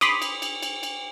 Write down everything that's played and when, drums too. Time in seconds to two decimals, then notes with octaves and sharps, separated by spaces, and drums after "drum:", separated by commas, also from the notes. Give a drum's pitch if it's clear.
0.01 B5 C6 D6 D#6, drum: cymbal
0.22 drum: cymbal
0.42 drum: cymbal
0.63 drum: cymbal
0.83 drum: cymbal